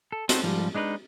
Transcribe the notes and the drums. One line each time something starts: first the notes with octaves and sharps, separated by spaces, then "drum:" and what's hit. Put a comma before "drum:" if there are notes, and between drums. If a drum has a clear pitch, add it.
A4
C4 D#4 F#4 A4 C5, drum: hi-hat
G#2 F3 G3
G#3 D4 D#4 B4